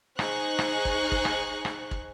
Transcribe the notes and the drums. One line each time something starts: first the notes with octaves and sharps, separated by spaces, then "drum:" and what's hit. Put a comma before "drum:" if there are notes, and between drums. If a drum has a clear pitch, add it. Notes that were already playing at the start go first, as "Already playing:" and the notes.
D#4 G#4 C5 C#6 F#6, drum: rim click
drum: rim click
drum: kick
drum: kick
drum: rim click
drum: rim click
drum: kick